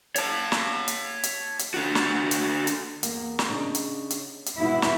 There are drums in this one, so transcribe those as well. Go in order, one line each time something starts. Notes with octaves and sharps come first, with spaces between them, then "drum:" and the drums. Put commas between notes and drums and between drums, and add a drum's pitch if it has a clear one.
C#5 A5, drum: hi-hat
drum: snare
drum: hi-hat
drum: hi-hat
drum: hi-hat
D3 F#4
drum: snare
drum: hi-hat
drum: hi-hat
E2 G#2 A#3, drum: hi-hat
drum: snare
C#3 D4 D#4
drum: hi-hat
drum: hi-hat
drum: hi-hat
E2 G#2 B2 E4
drum: snare